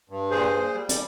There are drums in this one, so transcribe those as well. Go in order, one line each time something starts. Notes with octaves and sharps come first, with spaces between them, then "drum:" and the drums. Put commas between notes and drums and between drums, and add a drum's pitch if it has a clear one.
G2
A#2 G#4 C5
A#2
G3
D5, drum: hi-hat